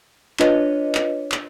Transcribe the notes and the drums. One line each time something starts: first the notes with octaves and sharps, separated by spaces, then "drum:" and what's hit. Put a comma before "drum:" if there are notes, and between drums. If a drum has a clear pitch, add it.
D4 F4 B4 C#5 D#5, drum: clap
drum: clap
drum: clap